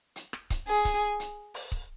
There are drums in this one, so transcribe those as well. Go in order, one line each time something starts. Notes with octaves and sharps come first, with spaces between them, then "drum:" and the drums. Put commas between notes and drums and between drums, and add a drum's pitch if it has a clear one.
drum: hi-hat
drum: rim click
drum: kick C#1, hi-hat
G#4
drum: kick C#1, hi-hat
drum: hi-hat
drum: open hi-hat
drum: kick C#1